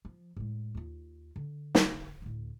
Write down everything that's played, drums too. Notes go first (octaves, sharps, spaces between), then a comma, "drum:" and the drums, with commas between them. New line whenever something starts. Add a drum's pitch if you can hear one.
F3
A2 G#3
D#2 F4
D3
drum: snare
D2 A2